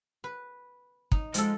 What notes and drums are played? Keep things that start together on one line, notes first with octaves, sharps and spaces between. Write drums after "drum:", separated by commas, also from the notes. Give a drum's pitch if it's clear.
B4
D#4, drum: kick
F3 G#3 A4, drum: hi-hat